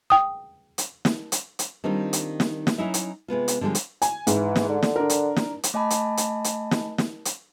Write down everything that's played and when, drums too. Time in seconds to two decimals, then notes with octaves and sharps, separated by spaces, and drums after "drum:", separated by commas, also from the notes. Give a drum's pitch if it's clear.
0.10 G5 D#6
0.78 drum: hi-hat
1.05 drum: snare
1.32 drum: hi-hat
1.59 drum: hi-hat
1.84 D#3 G3 C4 D4 D#4 F4
2.13 drum: hi-hat
2.40 drum: snare
2.67 drum: snare
2.78 F#3 C#4 D#4 E4 E5
2.94 drum: hi-hat
3.28 C3 G#3 B3 F4
3.48 drum: hi-hat
3.61 D3 F3 G3 G#3
3.75 drum: hi-hat
4.02 G#5, drum: hi-hat
4.27 G#2 E3, drum: hi-hat
4.56 drum: snare
4.69 D3
4.83 drum: snare
4.96 D4 A#4
5.10 drum: hi-hat
5.36 drum: snare
5.63 drum: hi-hat
5.74 A3 D#5 G#5 A5 B5
5.90 drum: hi-hat
6.17 drum: hi-hat
6.44 drum: hi-hat
6.71 drum: snare
6.98 drum: snare
7.25 drum: hi-hat